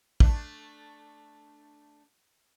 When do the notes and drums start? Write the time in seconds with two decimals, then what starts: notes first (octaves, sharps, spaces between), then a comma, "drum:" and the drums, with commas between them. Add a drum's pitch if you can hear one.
0.20 A3 D4, drum: kick